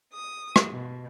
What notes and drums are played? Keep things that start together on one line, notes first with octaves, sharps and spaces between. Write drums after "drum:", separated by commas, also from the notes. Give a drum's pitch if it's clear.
D#6
drum: rim click
B2